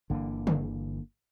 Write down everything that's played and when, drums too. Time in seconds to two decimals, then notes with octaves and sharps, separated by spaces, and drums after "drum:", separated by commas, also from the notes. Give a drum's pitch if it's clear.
0.10 G1 D3 E3 A#3
0.47 drum: tom C#3